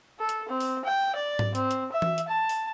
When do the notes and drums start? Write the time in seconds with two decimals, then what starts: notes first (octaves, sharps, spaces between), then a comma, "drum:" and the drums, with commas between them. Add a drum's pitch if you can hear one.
0.19 A4
0.29 drum: hi-hat
0.48 C4
0.60 drum: open hi-hat
0.85 G5
1.16 D5
1.39 drum: tom G#2
1.55 C4, drum: hi-hat
1.71 drum: hi-hat
1.92 E5
2.02 drum: tom E3
2.18 drum: hi-hat
2.28 A5
2.49 drum: open hi-hat